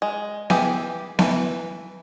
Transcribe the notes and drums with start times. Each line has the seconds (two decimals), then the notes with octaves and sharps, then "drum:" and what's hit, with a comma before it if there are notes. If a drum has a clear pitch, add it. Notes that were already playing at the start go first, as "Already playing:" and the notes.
0.02 G#3
0.50 E3 G4 G#4 E5, drum: snare B3
1.19 E3 A3 B4, drum: snare B3